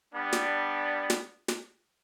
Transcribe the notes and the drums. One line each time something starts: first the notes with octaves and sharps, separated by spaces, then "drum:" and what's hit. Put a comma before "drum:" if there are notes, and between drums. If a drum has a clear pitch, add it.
G3 B3 D4
drum: snare
drum: snare
drum: snare